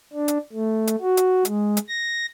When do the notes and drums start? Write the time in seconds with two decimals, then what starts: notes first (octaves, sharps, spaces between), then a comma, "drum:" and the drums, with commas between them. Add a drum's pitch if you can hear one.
0.13 D4
0.28 drum: hi-hat
0.52 A3
0.87 drum: hi-hat
1.01 F#4
1.17 drum: hi-hat
1.45 G#3, drum: hi-hat
1.77 drum: hi-hat
1.89 A#6